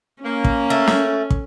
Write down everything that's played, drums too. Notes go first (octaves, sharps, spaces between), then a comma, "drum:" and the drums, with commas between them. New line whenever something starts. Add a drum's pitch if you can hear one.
A#3 C#4
drum: kick
A3
drum: snare
drum: kick